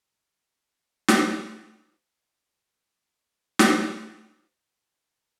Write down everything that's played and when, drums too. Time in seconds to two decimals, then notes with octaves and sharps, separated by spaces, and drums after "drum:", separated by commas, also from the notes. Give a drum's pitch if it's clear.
0.03 F4 G4 A#5
1.08 drum: snare
2.19 E4 B4 C#5 D5 E5 F5
3.23 B2 C4
3.59 drum: snare
3.81 A3 A#3
4.09 E3
4.35 G4 G5
4.71 A#4 E5 F5